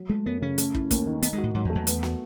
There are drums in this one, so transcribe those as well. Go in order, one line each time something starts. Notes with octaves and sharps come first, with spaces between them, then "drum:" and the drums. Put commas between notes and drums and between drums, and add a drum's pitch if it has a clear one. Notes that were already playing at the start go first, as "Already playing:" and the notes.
Already playing: F#3
G#3 A3
F#2 B3
C#3 C#4
A3, drum: hi-hat
E4, drum: kick
D#2, drum: kick, hi-hat
D#3
B3 D#4, drum: hi-hat
G#3
F#4
A2
G#2 F#3
E2
A3
E2
B3, drum: hi-hat
F#4, drum: snare